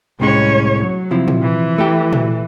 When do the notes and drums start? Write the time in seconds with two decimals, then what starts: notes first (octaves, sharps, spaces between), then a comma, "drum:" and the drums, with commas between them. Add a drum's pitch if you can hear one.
0.20 C2 A2 G#3 C#4 C#5
0.80 F#3
1.11 C3 F3 E4
1.28 drum: tom A#2
1.42 E3
1.78 A3 E4 G4
2.13 drum: tom A#2